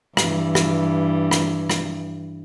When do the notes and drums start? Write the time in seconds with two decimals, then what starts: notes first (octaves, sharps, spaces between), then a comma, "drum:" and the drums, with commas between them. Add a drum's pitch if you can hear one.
0.17 G2 E3, drum: rim click
0.55 drum: rim click
1.31 drum: rim click
1.70 drum: rim click